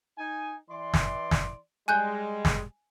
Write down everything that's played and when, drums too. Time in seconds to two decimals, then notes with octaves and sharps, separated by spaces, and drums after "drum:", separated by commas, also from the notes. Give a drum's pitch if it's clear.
0.18 D#4 G#5
0.70 E3 D5 C6
0.94 drum: snare
1.31 drum: snare
1.88 G3 G#3 G#5 F#6 G6
2.45 drum: snare